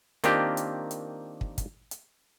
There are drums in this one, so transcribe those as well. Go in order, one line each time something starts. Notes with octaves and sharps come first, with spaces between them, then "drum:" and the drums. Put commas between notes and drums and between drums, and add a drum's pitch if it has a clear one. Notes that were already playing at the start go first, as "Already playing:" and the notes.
D#3 A#3 C4 D4 F4 G4, drum: hi-hat
drum: hi-hat
drum: hi-hat
drum: kick
drum: kick, hi-hat
drum: hi-hat